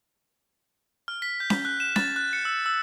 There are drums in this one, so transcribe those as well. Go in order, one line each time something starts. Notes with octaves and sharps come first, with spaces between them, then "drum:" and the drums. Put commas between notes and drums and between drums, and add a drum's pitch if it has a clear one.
F6
B6
G6
drum: snare C#4
F#6
E7
A6, drum: snare C#4
F#6
C#7
E6
E6